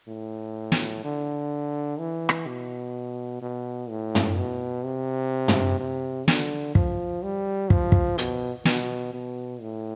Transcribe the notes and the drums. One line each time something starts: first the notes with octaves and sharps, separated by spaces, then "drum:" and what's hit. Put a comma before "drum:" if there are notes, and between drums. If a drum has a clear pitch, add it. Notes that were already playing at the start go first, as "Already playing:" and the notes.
A2
drum: snare
D3
E3
drum: rim click
B2
B2
A2
drum: tom
B2
C3
drum: tom
C3
D3, drum: snare
F3, drum: kick
G3
F3, drum: kick
drum: kick
B2, drum: hi-hat
B2, drum: snare
B2
A2